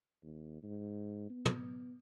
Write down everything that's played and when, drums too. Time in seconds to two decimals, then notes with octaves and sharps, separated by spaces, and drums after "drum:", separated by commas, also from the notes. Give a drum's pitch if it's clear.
0.23 D#2
0.63 G#2
1.30 B3
1.45 drum: tom